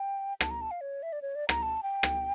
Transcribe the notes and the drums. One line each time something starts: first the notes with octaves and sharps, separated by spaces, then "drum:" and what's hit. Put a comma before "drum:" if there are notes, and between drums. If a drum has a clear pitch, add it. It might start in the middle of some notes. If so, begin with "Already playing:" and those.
Already playing: G5
A5, drum: rim click
A#5
A5
F5
C#5
E5
D5
C#5
D5
A#5, drum: rim click
A5
G5
drum: rim click